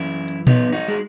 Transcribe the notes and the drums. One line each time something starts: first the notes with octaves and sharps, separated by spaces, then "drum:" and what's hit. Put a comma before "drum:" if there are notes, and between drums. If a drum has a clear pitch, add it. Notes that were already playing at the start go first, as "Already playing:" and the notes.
Already playing: F#2 E3 C#4 E4
drum: hi-hat
B3 D#4, drum: tom A#2
D#4 F#4
G#3